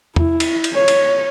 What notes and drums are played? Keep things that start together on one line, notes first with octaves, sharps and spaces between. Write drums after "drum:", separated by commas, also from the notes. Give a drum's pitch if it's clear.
E4, drum: tom E2
drum: cymbal
drum: cymbal
C#5
drum: cymbal